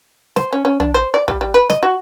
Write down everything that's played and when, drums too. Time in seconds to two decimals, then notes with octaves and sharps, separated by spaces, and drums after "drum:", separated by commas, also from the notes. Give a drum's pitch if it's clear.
0.36 C5, drum: snare
0.53 C#4
0.65 C#4
0.80 D4, drum: tom
0.94 C5
1.14 D5
1.28 G3, drum: kick
1.41 G3
1.54 B4
1.70 D#5, drum: snare
1.83 F#4